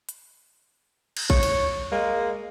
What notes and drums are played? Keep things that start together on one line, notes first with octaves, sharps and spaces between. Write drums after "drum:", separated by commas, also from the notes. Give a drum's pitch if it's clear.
drum: hi-hat
drum: cymbal
C#5, drum: kick A#1
drum: cymbal
G#3 A#3